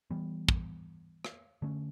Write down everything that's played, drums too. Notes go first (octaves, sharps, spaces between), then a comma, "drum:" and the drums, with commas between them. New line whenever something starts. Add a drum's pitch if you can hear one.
E3 G3 B3
drum: kick
drum: rim click
D3 A3 C#4